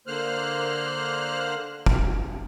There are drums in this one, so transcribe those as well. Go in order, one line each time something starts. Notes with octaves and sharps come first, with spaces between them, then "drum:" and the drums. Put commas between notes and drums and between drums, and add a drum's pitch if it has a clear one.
D3 A#3 C5 F6 F#6
drum: kick